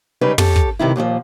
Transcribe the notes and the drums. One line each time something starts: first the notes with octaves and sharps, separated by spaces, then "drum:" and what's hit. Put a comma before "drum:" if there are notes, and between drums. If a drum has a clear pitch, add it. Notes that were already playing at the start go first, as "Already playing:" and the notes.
C#3 G3 G#3 D#4 B4
C#4 G4 A4, drum: tom
drum: kick
G2 C3 D#3 E4
D#2 A#2 D3 F3